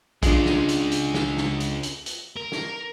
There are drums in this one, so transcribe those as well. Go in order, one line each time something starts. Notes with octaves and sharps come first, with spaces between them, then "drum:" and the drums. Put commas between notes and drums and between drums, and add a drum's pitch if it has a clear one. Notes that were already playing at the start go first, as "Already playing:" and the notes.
G#3 C#4 D4 F4 G#4, drum: kick, hi-hat
drum: snare
drum: hi-hat
drum: hi-hat
drum: snare
drum: snare
drum: hi-hat
drum: hi-hat
drum: hi-hat
A#4
drum: snare